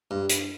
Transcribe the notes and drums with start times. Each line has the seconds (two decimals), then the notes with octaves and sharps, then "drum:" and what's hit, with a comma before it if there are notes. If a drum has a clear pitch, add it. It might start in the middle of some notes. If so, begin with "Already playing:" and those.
0.11 G2
0.29 drum: hi-hat